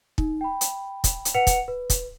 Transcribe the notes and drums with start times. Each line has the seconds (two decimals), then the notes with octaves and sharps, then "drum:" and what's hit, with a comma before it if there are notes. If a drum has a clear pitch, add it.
0.18 D#4, drum: kick
0.41 G5 B5
0.61 drum: hi-hat
1.04 drum: kick, hi-hat
1.25 drum: hi-hat
1.34 B4 F#5 C#7 F7
1.47 drum: kick, hi-hat
1.68 B4
1.90 drum: kick, hi-hat